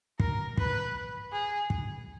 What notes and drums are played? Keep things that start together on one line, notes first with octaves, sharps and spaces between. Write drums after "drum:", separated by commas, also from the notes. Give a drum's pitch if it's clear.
A#4, drum: kick
B4, drum: kick
G#4
drum: kick